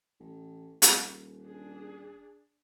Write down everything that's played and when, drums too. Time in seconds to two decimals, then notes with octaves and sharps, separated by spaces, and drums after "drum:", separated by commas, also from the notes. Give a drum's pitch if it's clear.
0.20 A1
0.82 D#1, drum: hi-hat
1.44 D4 G#4